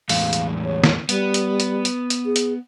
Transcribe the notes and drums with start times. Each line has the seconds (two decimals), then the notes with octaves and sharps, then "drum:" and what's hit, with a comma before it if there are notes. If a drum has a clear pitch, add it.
0.09 E2 A2 G#3 F5, drum: open hi-hat
0.33 drum: hi-hat
0.64 C#5
0.84 drum: snare
1.09 G3 B3, drum: hi-hat
1.34 drum: hi-hat
1.60 drum: hi-hat
1.85 drum: hi-hat
2.10 drum: hi-hat
2.26 G#4
2.36 drum: hi-hat